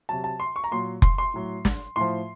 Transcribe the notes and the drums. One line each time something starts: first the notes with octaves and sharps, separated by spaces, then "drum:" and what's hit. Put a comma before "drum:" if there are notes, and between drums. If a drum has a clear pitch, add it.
C3 F#3 A5
A5
C6
C#6
A#5
A#2 F#3 C6
C6, drum: kick F1
C6
A2 F#3
drum: snare
A2 F3 C6